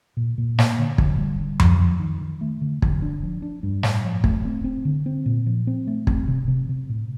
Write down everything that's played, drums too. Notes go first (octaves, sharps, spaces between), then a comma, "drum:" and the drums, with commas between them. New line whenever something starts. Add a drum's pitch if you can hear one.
A#2
A#2
A#3, drum: snare
D3
D3, drum: kick
G3
D3
F3, drum: tom F2
F3
D#3
D#3
A3
D3
D3, drum: kick
D4
F3
D4
G2
A2, drum: snare
F3
A3, drum: kick
C4
C4
D3
C4
A#2
F3
C4
A3
C4, drum: kick
C3
C3
C3
A2